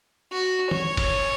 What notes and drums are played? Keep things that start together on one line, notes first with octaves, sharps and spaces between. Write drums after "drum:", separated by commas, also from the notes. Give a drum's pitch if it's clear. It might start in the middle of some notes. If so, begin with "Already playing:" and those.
F#4
C#5, drum: tom
drum: kick, cymbal